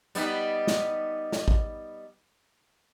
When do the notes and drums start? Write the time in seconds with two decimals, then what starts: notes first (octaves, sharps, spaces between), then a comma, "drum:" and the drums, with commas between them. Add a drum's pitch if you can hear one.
0.15 G3 B3 D#4, drum: hi-hat
0.67 drum: snare
1.32 drum: snare
1.48 drum: kick